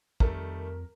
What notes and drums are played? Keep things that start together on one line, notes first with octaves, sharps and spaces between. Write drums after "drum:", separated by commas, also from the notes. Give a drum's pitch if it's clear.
F2 D#3 G3 A3 A#4, drum: kick